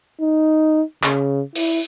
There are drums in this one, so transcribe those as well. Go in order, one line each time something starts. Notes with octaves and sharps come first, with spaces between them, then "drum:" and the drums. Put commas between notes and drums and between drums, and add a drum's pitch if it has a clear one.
D#4
C#3, drum: clap
E4, drum: open hi-hat